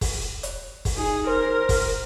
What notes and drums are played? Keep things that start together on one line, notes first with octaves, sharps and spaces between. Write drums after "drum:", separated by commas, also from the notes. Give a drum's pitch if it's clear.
drum: kick, open hi-hat
drum: hi-hat
drum: kick, open hi-hat
D#4 G#4
A#4 C5
drum: kick, open hi-hat